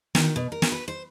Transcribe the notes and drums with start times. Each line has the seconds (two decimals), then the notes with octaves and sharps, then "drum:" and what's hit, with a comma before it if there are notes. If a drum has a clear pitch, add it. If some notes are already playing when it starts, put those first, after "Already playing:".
0.15 D#3, drum: snare
0.36 B2
0.52 A#4
0.62 drum: snare
0.72 B4
0.88 C5